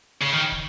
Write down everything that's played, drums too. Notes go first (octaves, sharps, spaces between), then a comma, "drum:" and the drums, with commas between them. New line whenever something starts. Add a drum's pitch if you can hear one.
C#3
D#3
drum: kick